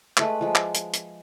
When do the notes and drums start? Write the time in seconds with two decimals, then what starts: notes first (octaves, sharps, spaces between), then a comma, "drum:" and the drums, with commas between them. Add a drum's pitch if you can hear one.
0.17 G#3 A3 B4, drum: clap
0.41 F3 G#3
0.55 drum: clap
0.74 drum: hi-hat
0.93 drum: hi-hat